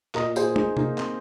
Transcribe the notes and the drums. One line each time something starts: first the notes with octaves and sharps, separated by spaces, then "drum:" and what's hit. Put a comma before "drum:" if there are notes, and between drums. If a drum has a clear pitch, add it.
A#2 A#4 D#5, drum: clap
G#4 C5, drum: tambourine
D#4 G#4, drum: tom
A#3 D#4, drum: tom C3
C4, drum: clap